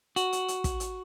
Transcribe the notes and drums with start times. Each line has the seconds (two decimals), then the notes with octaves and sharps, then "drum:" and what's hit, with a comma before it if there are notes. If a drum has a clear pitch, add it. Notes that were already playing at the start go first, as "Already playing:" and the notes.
0.16 F#4, drum: hi-hat
0.33 drum: hi-hat
0.48 drum: hi-hat
0.64 drum: kick, hi-hat
0.80 drum: hi-hat